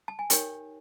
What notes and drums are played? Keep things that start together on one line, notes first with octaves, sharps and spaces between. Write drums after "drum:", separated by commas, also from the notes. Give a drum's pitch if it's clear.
A5
G#5
D#4 G4 A#4 C#5 G5, drum: hi-hat